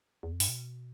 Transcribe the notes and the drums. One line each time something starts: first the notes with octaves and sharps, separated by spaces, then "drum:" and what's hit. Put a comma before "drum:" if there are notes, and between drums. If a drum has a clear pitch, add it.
E2
F2
G2, drum: open hi-hat
B2